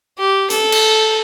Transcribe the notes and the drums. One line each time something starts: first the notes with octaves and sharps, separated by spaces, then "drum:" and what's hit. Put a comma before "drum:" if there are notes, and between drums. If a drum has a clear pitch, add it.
G4
A4, drum: hi-hat
drum: cymbal